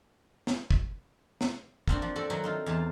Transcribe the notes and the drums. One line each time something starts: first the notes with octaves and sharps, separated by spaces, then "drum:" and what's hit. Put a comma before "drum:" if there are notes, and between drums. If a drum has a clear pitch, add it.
drum: snare
drum: kick
drum: snare
A#3 C4 D4 F#4, drum: kick
F3
C4 F#4 A4 D5
D#3 F#3 D#4 F#4
C4 D#4 F4
E2 D#4 F4 A5